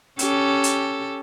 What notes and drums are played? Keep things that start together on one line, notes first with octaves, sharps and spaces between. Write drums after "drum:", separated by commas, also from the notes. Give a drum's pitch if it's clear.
C#4 G4 A4, drum: hi-hat
drum: hi-hat